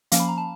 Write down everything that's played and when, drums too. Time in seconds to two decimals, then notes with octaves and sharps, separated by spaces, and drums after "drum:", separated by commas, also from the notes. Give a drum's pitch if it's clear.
0.12 F3 A#3 C#4 F5, drum: hi-hat
0.20 B5
0.28 A#5
0.38 A5